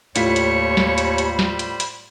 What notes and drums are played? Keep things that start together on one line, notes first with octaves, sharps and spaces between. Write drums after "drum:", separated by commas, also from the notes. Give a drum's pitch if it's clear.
D#2 A2 G3 F4 C5 C#5 B5 B6, drum: hi-hat
drum: hi-hat
drum: snare
drum: hi-hat
drum: hi-hat
drum: snare
drum: hi-hat
drum: hi-hat